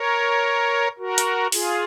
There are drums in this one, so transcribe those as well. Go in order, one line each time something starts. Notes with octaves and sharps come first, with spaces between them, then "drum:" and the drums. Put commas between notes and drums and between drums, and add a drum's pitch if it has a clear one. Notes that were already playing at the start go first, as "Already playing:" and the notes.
Already playing: A#4 C#5
F#4 A#4
drum: hi-hat
F4 G#4, drum: open hi-hat